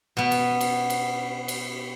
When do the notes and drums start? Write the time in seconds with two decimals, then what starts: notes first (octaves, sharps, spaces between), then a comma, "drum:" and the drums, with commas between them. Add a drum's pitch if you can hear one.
0.17 B2 B3
0.31 drum: cymbal
0.61 drum: cymbal
0.90 drum: cymbal
1.48 drum: cymbal